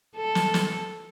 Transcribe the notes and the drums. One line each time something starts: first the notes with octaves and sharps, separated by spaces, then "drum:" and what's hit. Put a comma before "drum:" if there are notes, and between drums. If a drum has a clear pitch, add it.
A4
drum: snare
drum: snare